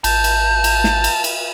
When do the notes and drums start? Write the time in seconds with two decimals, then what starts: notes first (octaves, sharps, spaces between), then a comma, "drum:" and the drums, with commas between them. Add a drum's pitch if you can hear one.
0.04 G#1 A5 G6, drum: cymbal
0.24 drum: cymbal
0.64 drum: cymbal
0.84 drum: snare
1.04 drum: cymbal
1.24 drum: cymbal